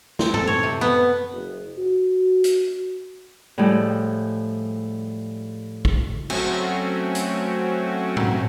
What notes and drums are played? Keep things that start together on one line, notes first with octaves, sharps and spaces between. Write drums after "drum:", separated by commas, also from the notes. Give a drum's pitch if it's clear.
C4, drum: snare
A4, drum: tom F#2
C#5
C3
B3
F#1
F#4
drum: hi-hat
A2 F3 G3 G#3
drum: kick
F#3 A3 C4 C#4 F#4, drum: cymbal
drum: hi-hat
drum: tom G#2